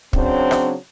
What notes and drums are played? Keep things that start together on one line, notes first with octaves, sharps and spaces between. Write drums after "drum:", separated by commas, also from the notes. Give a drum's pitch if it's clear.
C#3 F#3 C4 D4 C5, drum: kick
drum: rim click